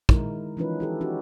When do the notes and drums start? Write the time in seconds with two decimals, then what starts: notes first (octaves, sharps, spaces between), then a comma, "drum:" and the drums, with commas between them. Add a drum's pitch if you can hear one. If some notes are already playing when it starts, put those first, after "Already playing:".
0.09 D#3 G#3 D#4 E4 A#4, drum: kick
0.57 E3 F3 C#4 D#4 F4 B4
0.80 E4 G4 A4
1.01 C#4 D#4 F#4 G4